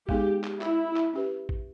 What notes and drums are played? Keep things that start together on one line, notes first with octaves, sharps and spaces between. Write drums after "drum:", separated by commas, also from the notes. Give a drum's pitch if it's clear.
G#3 B3 D#4 G4 G#4, drum: kick A1
drum: clap
E4, drum: clap
drum: clap
C#4 G4 B4
drum: kick A1